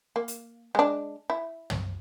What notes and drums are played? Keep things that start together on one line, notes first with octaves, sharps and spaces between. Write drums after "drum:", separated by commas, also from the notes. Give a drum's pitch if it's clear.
A#3
drum: hi-hat
G#3 D4
E4
drum: tom